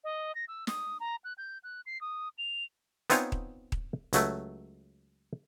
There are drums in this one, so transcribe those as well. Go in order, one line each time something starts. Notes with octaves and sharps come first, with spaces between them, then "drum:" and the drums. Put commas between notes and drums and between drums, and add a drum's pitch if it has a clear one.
D#5
A#6
E6
D#6, drum: snare
A#5
F#6
G6
F#6
C7
D#6
F7
B3 C4 D#4 F4 C#5 G#5, drum: hi-hat
drum: kick D#1
drum: kick D#1
C#2 F#3 A3, drum: hi-hat